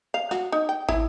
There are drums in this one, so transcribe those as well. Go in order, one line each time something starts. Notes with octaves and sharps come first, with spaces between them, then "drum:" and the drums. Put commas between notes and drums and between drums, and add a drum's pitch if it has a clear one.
F5
F#4, drum: snare
D#4
G5
E4, drum: kick